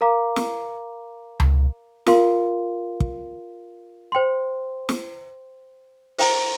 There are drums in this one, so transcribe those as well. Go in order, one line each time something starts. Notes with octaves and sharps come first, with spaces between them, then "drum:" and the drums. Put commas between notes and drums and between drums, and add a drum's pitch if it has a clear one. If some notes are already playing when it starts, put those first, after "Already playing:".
A#4 F5 A#5 D6
drum: snare
drum: tom C#2
F4 A#4 F5 C6, drum: snare
drum: kick
C5 G5 C6
drum: snare
C5 G5 A#5, drum: open hi-hat